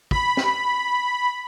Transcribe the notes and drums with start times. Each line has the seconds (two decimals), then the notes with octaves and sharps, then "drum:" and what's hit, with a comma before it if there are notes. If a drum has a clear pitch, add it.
0.11 B5, drum: kick
0.37 drum: snare